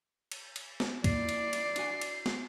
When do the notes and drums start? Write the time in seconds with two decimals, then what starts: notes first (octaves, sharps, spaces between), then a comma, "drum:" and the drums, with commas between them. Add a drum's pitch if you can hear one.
0.32 drum: cymbal
0.56 drum: cymbal
0.80 drum: snare
1.04 A#3 E4 D5 C7, drum: kick, cymbal
1.29 drum: cymbal
1.53 drum: cymbal
1.76 D4 F#4 G#5, drum: cymbal
2.01 drum: cymbal
2.26 drum: snare